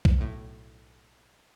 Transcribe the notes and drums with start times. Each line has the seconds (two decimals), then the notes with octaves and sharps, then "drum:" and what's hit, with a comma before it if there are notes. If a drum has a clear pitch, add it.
0.05 drum: kick
0.18 B1 A2